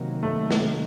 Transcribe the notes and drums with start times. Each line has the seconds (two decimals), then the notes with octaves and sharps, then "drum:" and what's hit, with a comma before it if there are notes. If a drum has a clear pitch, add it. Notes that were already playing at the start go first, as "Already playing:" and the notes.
Already playing: C3 D#3 F#3 A#3
0.23 A3
0.51 drum: snare